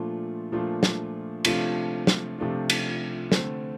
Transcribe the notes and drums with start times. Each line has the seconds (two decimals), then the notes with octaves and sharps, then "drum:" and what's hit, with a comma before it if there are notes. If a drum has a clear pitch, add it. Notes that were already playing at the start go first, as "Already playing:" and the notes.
Already playing: A#2 F3 A3 D4 F4
0.52 A#2 F3 A3 D4 F4
0.83 drum: snare
1.45 C3 F3 A3 D4 F4, drum: cymbal
2.07 drum: snare
2.38 C3 F3 A3 D4 F4
2.70 drum: cymbal
3.32 D3 A3 C4, drum: snare